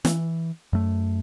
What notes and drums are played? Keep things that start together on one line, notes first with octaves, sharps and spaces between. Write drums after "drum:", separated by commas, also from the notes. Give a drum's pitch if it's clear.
E3, drum: snare
F#2 A3